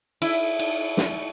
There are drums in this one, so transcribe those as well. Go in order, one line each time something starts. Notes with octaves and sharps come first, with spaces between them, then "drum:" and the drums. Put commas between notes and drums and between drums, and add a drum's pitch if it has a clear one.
E4, drum: cymbal
drum: cymbal
drum: snare